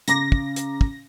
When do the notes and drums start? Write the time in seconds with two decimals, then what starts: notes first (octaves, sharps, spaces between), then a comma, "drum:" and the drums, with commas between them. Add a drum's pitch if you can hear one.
0.08 C#3 A#5 D6 A#6, drum: hi-hat
0.32 drum: kick
0.56 drum: hi-hat
0.81 drum: kick